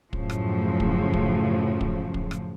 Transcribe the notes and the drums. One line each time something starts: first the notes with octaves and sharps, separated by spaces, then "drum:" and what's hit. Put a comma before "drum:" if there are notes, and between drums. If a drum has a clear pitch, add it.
F#2 A2 C#3 F3, drum: kick
drum: rim click
drum: kick
drum: kick
drum: kick
drum: kick
drum: rim click